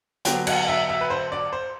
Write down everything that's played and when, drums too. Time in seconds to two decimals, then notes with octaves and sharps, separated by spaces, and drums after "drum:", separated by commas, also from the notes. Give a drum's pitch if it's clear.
0.25 D3 F#3 B3 G5, drum: hi-hat
0.47 F#5, drum: cymbal
0.68 E5
0.89 E5
1.01 B4
1.10 C5
1.32 D5
1.53 C5